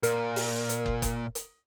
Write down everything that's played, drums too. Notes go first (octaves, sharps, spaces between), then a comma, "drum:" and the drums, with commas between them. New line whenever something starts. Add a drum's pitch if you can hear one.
A#2 A#4, drum: hi-hat
drum: open hi-hat
drum: hi-hat
drum: kick
drum: kick, hi-hat
drum: hi-hat